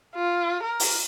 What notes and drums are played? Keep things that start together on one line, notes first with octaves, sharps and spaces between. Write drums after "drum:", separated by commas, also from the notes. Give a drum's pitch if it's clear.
F4
A#4
drum: open hi-hat